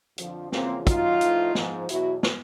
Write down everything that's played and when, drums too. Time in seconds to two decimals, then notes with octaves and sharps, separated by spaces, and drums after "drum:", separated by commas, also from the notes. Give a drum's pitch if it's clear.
0.18 F2 D3 F3, drum: hi-hat
0.52 E2 C#3 F3 A#3 C4, drum: snare
0.87 F#2 D#3 F#3 D#4 F4, drum: kick, hi-hat
1.21 A2 F3, drum: hi-hat
1.55 G#2 F3, drum: snare
1.89 E2 B2 F#3 E4 F#4, drum: hi-hat
2.23 drum: snare